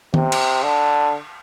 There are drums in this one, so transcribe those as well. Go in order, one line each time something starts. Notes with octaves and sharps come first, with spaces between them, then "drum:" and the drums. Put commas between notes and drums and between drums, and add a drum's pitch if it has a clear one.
C3, drum: tom D#3
drum: cymbal
D3